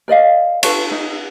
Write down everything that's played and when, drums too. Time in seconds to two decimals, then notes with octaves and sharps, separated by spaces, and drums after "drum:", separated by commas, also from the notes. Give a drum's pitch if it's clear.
0.08 A#4 D5 D#5 F5
0.63 F4 A4 B4 C#5, drum: cymbal
0.91 D#4